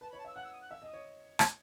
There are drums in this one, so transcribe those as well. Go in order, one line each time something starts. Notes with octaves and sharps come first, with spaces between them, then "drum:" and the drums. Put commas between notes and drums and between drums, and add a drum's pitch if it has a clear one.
B4 A5
B5
C#5
A5
E5 E6
F#5 F#6
E6
D#6
F#6
E5 E6
D#5
D#6
C#5
drum: rim click